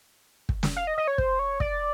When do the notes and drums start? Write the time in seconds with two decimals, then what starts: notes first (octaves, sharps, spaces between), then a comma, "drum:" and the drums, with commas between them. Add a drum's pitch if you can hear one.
0.49 drum: kick
0.63 drum: snare
0.76 F5
0.87 D#5
0.98 D#5
1.08 C#5
1.18 C5, drum: kick
1.39 C#5
1.60 D5, drum: kick